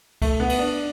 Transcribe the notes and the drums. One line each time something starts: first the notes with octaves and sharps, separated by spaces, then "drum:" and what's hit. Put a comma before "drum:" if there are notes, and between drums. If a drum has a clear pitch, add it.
A3, drum: kick C#2, cymbal
B3
drum: cymbal
D4